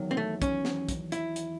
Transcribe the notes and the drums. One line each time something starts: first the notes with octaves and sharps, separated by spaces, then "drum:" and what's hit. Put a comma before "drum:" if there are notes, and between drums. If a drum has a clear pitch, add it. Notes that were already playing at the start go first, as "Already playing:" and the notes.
Already playing: E2 D#3 F#3
C4
A3
C#4, drum: kick, hi-hat
drum: snare
drum: kick, hi-hat
E4, drum: hi-hat
drum: hi-hat